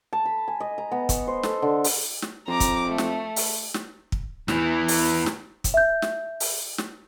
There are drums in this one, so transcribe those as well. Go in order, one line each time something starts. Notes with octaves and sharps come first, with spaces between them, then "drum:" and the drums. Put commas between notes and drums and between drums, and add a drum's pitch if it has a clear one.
A5
B5
G#5
D#5
A#5
B3
C#6, drum: kick, hi-hat
C5
A4, drum: snare
D3
drum: open hi-hat
drum: snare
F2 A#5 D6
drum: kick, hi-hat
A3
drum: snare
drum: open hi-hat
drum: snare
drum: kick
E2 E3, drum: snare
drum: open hi-hat
drum: snare
drum: kick, hi-hat
E5 G6
drum: snare
drum: open hi-hat
drum: snare